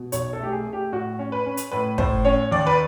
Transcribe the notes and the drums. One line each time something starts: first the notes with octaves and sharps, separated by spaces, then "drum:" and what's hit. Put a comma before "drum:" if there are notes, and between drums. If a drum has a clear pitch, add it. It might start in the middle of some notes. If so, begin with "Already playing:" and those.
Already playing: B2
B1 C#5, drum: hi-hat
A4
A3 G4
G#4
A3
G4
A2 F#4
C#4
B4
C#4
drum: hi-hat
A2 B4
A2 C5, drum: kick
C#4 C#5
D#2 D5
B4